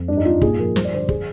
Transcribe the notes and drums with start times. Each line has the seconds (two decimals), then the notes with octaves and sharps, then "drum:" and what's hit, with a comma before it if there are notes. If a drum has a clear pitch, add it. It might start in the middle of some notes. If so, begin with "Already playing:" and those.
Already playing: F2
0.08 G2 D4
0.17 D#4
0.25 G2 F4
0.41 A#2 G#4, drum: kick
0.59 F3 A#4
0.76 G3 C5, drum: snare
0.85 D5
0.93 D3 C5
1.09 G#4, drum: kick